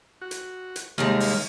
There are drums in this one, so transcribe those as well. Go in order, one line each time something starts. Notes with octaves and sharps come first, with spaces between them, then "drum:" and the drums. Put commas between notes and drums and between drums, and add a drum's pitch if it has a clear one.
F#4
drum: hi-hat
drum: hi-hat
D#2 C3 D#3 G3 G#3 F5
drum: open hi-hat